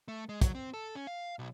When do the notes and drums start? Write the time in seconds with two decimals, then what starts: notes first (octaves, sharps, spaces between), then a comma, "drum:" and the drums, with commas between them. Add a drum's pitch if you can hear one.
0.08 A3
0.29 G#3
0.41 F#3, drum: kick, hi-hat
0.55 C4
0.74 A4
0.95 C#4
1.07 F5
1.39 B1